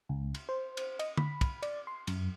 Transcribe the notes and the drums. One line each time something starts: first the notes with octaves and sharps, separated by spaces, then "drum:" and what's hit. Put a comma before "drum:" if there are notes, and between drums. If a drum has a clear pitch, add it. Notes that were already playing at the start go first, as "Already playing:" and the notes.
C#2
drum: cymbal
C5
drum: cymbal
D#5, drum: cymbal
B5, drum: tom D3
drum: kick, cymbal
D5, drum: cymbal
C6
F#2, drum: cymbal